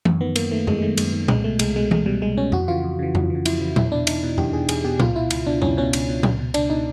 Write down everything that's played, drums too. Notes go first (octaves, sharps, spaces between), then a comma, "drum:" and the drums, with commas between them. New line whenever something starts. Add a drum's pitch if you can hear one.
F#2, drum: tom E3
D#3 B3
F#2 A#3, drum: cymbal
D#3 A3
F#2 G#3, drum: tom F2
G#3
D#3 A3
F#2 G#3, drum: cymbal
D#3
C2 G#3, drum: tom A#2
B2 A3
C2 G#3, drum: cymbal
B2 G#3
C2 G#3, drum: tom E3
B2 G3
C2 G#3
B2 C#4
F2 F#4, drum: tom F2
C#3 E3 F4
F2
C#3 E3
F2, drum: tom F2
C#3 E3
F2 E4, drum: cymbal
C#3 E3
E2 E4, drum: tom A#2
B2 D4
E2 D#4, drum: cymbal
B2
E2 G4, drum: tom F2
B2 G#4
E2 G#4, drum: cymbal
B2 G4
C#2 F4, drum: tom A#2
B2 E4
C#2, drum: cymbal
B2 D4
C#2 C#4, drum: tom F2
B2 C#4
C#2, drum: cymbal
B2
C#2, drum: tom A#2
B2
C#2 D4, drum: cymbal
B2 D#4